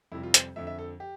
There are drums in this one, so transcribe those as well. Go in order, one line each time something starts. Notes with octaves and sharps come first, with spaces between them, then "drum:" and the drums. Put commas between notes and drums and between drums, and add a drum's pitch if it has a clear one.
F2 C3 G3 E4
F4
C5, drum: hi-hat
F2 D3 F3 E5
E5
A4
G4